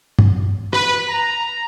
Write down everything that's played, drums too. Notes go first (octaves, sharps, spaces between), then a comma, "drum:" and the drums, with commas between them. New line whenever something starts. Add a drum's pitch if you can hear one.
drum: tom G2
B4, drum: rim click
A#5